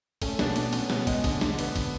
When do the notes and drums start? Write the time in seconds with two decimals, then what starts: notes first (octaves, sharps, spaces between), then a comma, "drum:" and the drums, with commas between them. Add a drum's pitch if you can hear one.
0.22 A3 C#4, drum: kick, cymbal
0.39 B2 D4, drum: snare
0.56 B2 D4, drum: cymbal
0.73 B2 C#4, drum: cymbal
0.90 B2, drum: snare
1.07 G#3, drum: kick, cymbal
1.24 D3, drum: kick, cymbal
1.41 D3, drum: snare
1.59 B3, drum: cymbal
1.76 D3, drum: kick, cymbal